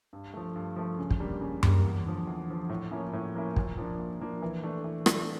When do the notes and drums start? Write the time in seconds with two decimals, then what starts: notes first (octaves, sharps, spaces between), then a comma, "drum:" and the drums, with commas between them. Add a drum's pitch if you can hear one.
0.13 G2
0.34 F3 A3
0.56 G2
0.76 F3 A3
0.98 C#3
1.11 drum: kick
1.20 G3 A#3 D4
1.41 C#3
1.63 G3 A#3 D4, drum: tom F#2
1.84 E2
2.06 D3 F3
2.27 E2
2.48 D3 F3
2.69 A2
2.91 F3 A#3 C#4 E4
3.13 A2
3.35 F3 A#3 C#4 E4
3.56 A#2, drum: kick
3.78 F3 A#3 D4
3.99 A#2
4.20 F3 A#3 D4
4.42 E3
4.63 A3 D4
4.84 E3
5.06 A3 D4, drum: rim click